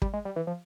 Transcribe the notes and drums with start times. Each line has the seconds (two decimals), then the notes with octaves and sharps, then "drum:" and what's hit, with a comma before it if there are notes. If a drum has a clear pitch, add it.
0.02 G3, drum: kick
0.14 G#3
0.25 G3
0.36 E3
0.47 F3